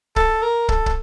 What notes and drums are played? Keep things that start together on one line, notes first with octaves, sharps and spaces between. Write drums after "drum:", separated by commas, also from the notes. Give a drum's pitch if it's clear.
A4, drum: kick
A#4
A4, drum: kick
drum: kick